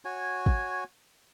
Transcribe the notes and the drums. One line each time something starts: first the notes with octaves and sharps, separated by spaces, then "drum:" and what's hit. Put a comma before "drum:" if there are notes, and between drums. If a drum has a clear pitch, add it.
F#4 C#5 G#5
drum: kick